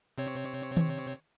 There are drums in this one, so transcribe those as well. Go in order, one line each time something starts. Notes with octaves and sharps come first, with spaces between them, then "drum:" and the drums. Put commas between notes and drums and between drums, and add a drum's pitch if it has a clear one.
C3 C4 C#5
drum: tom D#3